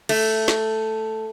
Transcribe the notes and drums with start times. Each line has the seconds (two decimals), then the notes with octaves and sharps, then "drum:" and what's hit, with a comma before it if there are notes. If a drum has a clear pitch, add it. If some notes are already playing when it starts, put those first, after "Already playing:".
0.09 A3, drum: cymbal
0.48 drum: snare